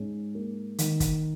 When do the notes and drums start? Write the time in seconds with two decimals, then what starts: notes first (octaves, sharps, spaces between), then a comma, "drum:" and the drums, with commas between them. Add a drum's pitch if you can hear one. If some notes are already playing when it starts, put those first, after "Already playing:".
Already playing: G#2 C#4
0.35 A#3
0.78 D#3, drum: hi-hat
1.00 drum: kick, hi-hat